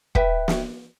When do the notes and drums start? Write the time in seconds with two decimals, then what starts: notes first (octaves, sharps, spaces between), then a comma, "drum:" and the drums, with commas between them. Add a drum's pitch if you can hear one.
0.15 B4 E5 G5, drum: kick
0.48 drum: snare